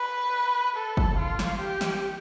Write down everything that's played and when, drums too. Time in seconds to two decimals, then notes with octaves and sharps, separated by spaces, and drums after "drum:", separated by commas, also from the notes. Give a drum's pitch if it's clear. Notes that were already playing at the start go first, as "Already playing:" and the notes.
Already playing: B4
0.77 A4
0.97 drum: kick
1.18 F4
1.39 drum: snare
1.60 G4
1.81 drum: snare